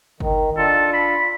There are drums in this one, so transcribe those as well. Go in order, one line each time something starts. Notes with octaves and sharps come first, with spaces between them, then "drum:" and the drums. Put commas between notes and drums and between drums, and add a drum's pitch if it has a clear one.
D#3, drum: kick G1
D4 F4 A4
B5